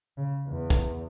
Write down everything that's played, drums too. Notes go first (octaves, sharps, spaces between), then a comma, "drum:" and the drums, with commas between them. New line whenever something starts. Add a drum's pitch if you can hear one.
C#3
E2
drum: kick